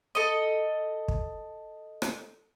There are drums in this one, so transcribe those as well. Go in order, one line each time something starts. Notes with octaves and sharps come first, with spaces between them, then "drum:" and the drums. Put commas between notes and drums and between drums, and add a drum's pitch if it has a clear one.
A4 D#5
drum: kick
drum: rim click